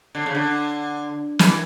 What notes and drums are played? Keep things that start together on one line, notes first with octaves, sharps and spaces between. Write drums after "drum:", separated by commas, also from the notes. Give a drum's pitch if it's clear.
D3
C#3
D3
E3, drum: snare